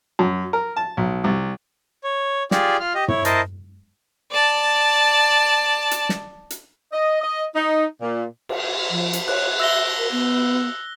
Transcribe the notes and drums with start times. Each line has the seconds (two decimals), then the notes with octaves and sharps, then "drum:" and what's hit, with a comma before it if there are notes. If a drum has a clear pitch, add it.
0.19 F#2
0.53 A#4
0.76 A5
0.97 B1
1.24 C2
2.04 C#5
2.51 F4 G4 G#4 D5, drum: snare
2.80 F4 F6
2.95 G4 D#5
3.08 E4 C#5, drum: tom
3.25 E4 A#4 C5 D#5 A5, drum: hi-hat
4.32 D5 A5
5.91 drum: hi-hat
6.09 drum: snare
6.50 drum: hi-hat
6.92 D#5
7.22 D#5
7.55 D#4
8.01 A#2
8.49 drum: cymbal
8.90 F3
9.13 drum: hi-hat
9.28 C#5 F#6, drum: cymbal
9.60 E5 E6 A#6 G7
9.98 A#4
10.11 B3